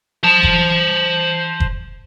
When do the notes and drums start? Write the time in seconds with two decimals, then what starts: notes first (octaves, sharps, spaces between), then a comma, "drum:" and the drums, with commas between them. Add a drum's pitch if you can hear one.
0.24 C5 A5
0.43 drum: kick F1
1.60 drum: kick F1